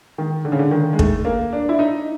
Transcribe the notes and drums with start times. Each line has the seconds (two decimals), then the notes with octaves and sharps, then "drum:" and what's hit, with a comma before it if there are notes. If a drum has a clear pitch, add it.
0.18 D#3
0.45 D3
0.52 C#3
0.59 D3
0.71 D#3
0.93 G#3
0.99 A3, drum: kick
1.25 A#3
1.53 D4
1.69 E4
1.79 D#4